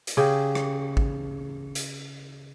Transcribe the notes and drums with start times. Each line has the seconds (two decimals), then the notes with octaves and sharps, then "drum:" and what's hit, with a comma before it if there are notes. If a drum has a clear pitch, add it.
0.07 drum: hi-hat
0.17 C#3 G4 G#4
0.55 drum: rim click
0.97 drum: kick
1.75 drum: hi-hat